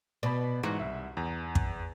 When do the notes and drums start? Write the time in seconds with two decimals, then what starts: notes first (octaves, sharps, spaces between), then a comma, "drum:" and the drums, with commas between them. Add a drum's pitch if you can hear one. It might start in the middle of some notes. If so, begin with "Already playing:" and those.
0.23 B2 D5 B5
0.63 G#2 E3 F#4 A#5
0.80 C2 E5
1.17 E2 A#5
1.55 drum: kick